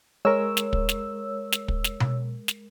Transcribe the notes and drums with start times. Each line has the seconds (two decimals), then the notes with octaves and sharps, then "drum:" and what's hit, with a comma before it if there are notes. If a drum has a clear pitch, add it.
0.25 G#3 A#4 C#5 E6
0.57 drum: snare
0.73 drum: kick
0.89 drum: snare
1.52 drum: snare
1.68 drum: kick
1.84 drum: snare
2.00 drum: tom B2
2.48 drum: snare